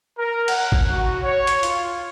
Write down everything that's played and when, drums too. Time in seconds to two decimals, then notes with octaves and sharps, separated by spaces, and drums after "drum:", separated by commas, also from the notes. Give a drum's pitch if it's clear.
0.18 A#4
0.48 F#5, drum: cymbal
0.72 drum: kick
0.91 F#4
1.23 C#5
1.47 drum: hi-hat
1.63 F4, drum: hi-hat